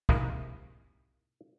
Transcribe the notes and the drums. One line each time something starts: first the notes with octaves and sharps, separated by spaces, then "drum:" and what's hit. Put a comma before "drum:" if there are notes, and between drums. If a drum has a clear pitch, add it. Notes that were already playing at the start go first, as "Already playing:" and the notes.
C3 D#3 F3 G#3 A#3 E4, drum: kick